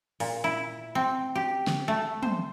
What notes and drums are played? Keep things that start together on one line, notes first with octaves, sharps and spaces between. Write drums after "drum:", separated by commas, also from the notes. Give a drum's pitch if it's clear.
A#2, drum: open hi-hat
E4
C4
G4
drum: snare
A3
C5, drum: tom